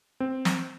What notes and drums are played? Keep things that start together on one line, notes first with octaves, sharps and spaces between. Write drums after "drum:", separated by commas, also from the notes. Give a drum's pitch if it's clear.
C4
drum: snare